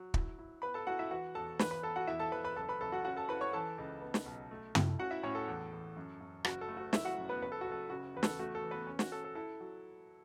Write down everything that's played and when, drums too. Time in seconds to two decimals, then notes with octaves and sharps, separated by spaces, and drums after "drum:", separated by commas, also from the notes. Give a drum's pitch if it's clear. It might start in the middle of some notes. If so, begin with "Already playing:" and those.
Already playing: F#3
0.14 E4, drum: kick
0.39 E4
0.62 B3 B4 B5
0.74 A4 A5
0.87 E4 F#4 F#5
0.99 E4 E5
1.11 E3 F#4 F#5
1.35 E2 A4 A5
1.59 E3 B4 B5, drum: snare
1.71 B4 B5
1.83 B3 A4 A5
1.96 F#4 F#5
2.07 E2 E4 E5
2.19 A4 A5
2.32 E2 B4 B5
2.44 B4 B5
2.56 F#1 A4 A5
2.69 B4 B5
2.81 F#1 A4 A5
2.92 F#4 F#5
3.05 C#4 F#4 F#5
3.17 A4 A5
3.29 E4 B4 B5
3.41 C#5 C#6
3.53 E3 A4 A5
3.78 C#2
4.02 B3
4.14 drum: snare
4.26 B1
4.51 A3
4.75 E4, drum: tom
4.99 C#4 F#4 F#5
5.11 E4 E5
5.23 A2 C#4 C#5
5.35 A4
5.48 E2
5.73 E2
5.97 F#2
6.21 F#2
6.44 F#1 F#4, drum: rim click
6.61 A4
6.68 A3
6.77 F#4
6.93 F#1 E4 E5, drum: snare
7.05 F#4 F#5
7.18 F#2
7.29 B3 B4
7.41 F#1 B4
7.52 A4
7.61 F#4
7.67 F#1 A4
7.90 C#3 F#4
8.14 E2 B4
8.23 A4, drum: snare
8.39 A3 F#4
8.55 A4
8.63 E3
8.71 B3 B4
8.87 C#4
8.99 F#4, drum: snare
9.12 C#4 A4
9.24 A4
9.35 E4 A4
9.60 F#3